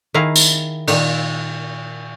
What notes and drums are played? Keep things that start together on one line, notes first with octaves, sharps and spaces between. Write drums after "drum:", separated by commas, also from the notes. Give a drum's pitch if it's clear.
D#3 E4 G#4 F5 A#5
drum: tambourine
A#2 D#3, drum: cymbal